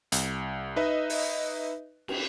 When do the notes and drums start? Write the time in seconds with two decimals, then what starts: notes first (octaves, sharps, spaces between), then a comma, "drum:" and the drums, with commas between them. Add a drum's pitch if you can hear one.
0.12 C2, drum: hi-hat
0.76 D#4 B4 D#5 E5
1.10 drum: open hi-hat
2.08 drum: cymbal